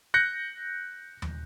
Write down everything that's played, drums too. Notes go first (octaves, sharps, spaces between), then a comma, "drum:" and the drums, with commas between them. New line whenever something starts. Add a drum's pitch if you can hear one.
F#6 G6 A#6 C#7
drum: tom D#2